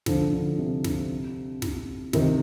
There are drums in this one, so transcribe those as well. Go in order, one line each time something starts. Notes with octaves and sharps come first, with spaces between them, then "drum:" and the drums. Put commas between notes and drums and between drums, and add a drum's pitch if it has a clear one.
D3 F3, drum: snare
D3
C3
drum: snare
drum: snare
C3 D#3, drum: snare